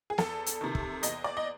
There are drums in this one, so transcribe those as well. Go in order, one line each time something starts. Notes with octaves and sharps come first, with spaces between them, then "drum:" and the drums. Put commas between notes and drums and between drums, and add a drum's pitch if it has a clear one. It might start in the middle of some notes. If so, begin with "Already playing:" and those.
G#4
E2 A4, drum: snare
drum: hi-hat
C3 D#3
drum: kick
E2 D#5, drum: hi-hat
D5
D#5